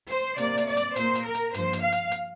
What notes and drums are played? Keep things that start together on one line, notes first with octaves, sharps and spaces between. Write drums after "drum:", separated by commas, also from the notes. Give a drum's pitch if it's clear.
C5
C3 A#3 D5, drum: hi-hat
drum: hi-hat
D5
drum: hi-hat
A#2 A#3 C5, drum: hi-hat
drum: hi-hat
A#4
drum: hi-hat
G2 F3 A#3 C5, drum: hi-hat
drum: hi-hat
F5
drum: hi-hat
drum: hi-hat